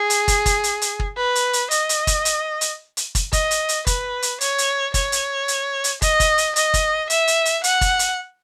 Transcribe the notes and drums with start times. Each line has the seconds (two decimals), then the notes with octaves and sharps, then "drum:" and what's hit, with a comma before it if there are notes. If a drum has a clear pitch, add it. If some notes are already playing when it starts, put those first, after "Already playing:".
Already playing: G#4
0.10 drum: hi-hat
0.28 drum: kick, hi-hat
0.46 drum: kick, hi-hat
0.64 drum: hi-hat
0.82 drum: hi-hat
0.99 drum: kick
1.17 B4
1.35 drum: hi-hat
1.53 drum: hi-hat
1.71 D#5, drum: hi-hat
1.89 drum: hi-hat
2.07 drum: kick, hi-hat
2.25 drum: hi-hat
2.61 drum: hi-hat
2.97 drum: hi-hat
3.15 drum: kick, hi-hat
3.33 D#5, drum: kick, hi-hat
3.51 drum: hi-hat
3.69 drum: hi-hat
3.87 B4, drum: kick, hi-hat
4.22 drum: hi-hat
4.41 C#5, drum: hi-hat
4.58 drum: hi-hat
4.94 C#5, drum: kick, hi-hat
5.12 drum: hi-hat
5.48 drum: hi-hat
5.84 drum: hi-hat
6.02 D#5, drum: kick, hi-hat
6.20 drum: kick, hi-hat
6.38 drum: hi-hat
6.56 D#5, drum: hi-hat
6.74 drum: kick, hi-hat
7.10 E5, drum: hi-hat
7.27 drum: hi-hat
7.45 drum: hi-hat
7.64 F#5, drum: hi-hat
7.81 drum: kick, hi-hat
7.99 drum: hi-hat